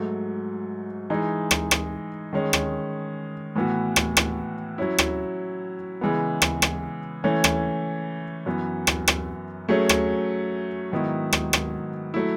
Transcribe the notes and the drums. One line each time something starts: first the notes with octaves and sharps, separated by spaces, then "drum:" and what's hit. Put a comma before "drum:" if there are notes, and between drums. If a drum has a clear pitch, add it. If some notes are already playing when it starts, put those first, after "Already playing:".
Already playing: G#2 F#3 A3
E3 G#3 D#4
drum: rim click
drum: rim click
D#3 G#3 C#4
drum: rim click
A2 E3 B3 F#4
drum: rim click
drum: rim click
F#3 C#4 E4
drum: rim click
C#3 E3 G#3 B3
drum: rim click
drum: rim click
E3 A3 C#4
drum: rim click
F#2 E3 B3
drum: rim click
drum: rim click
F#3 A3 C#4 G#4
drum: rim click
G#2 D#3 F#3 B3 E4
drum: rim click
drum: rim click
F#3 A3 E4